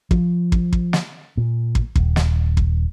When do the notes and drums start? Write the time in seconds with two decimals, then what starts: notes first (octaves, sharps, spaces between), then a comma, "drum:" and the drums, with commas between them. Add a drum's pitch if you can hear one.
0.11 F3, drum: kick
0.52 drum: kick
0.73 drum: kick
0.93 drum: snare
1.37 A#2
1.75 drum: kick
1.96 D#1, drum: kick
2.16 drum: snare
2.57 drum: kick